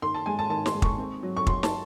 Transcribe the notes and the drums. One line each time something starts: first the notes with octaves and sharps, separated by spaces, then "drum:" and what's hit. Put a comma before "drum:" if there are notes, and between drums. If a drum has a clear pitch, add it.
D#3 C6
A5
G#3 G#5
A5
D#3 A5
C6, drum: snare
G#3
C#6, drum: kick
C4
F#3
C#6
F#3 C6, drum: kick
A5, drum: snare